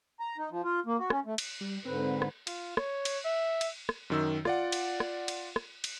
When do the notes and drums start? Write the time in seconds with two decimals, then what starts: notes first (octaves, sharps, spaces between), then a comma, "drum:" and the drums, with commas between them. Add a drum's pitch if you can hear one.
0.20 A#5
0.37 D#4
0.51 F3
0.64 F4
0.86 A#3
0.99 F#4
1.10 C#4, drum: rim click
1.26 A3
1.38 drum: cymbal
1.61 G3
1.85 G#2 D3 C4 B4
2.22 drum: rim click
2.47 F4, drum: cymbal
2.77 C#5, drum: rim click
3.05 drum: cymbal
3.25 E5
3.61 drum: cymbal
3.89 drum: rim click
4.10 F#2 D#3 E6
4.45 F4 D5 F#5, drum: rim click
4.72 drum: cymbal
5.00 drum: rim click
5.28 drum: cymbal
5.56 drum: rim click
5.84 drum: cymbal